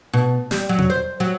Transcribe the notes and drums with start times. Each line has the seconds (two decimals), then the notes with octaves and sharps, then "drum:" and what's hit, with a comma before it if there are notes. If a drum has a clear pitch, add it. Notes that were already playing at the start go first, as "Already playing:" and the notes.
0.13 B2
0.51 G3, drum: snare
0.69 F#3
0.78 drum: tom B2
0.90 C5
1.20 F#3